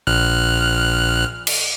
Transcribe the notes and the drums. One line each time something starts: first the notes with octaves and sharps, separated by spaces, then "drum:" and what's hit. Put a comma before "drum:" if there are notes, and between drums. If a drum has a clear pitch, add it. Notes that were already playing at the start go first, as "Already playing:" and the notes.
A#1 F6 F#6
drum: cymbal